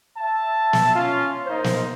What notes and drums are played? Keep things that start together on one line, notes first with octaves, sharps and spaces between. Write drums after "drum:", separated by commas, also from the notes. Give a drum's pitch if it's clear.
E5 A5
drum: snare
C#4 F4
A#3 D#4 C5
drum: snare